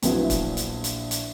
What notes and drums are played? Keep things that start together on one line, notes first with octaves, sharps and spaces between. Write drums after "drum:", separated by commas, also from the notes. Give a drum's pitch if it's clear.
A#1 A#2 F#3 B3 E4, drum: hi-hat
drum: kick, hi-hat
drum: hi-hat
drum: hi-hat
drum: hi-hat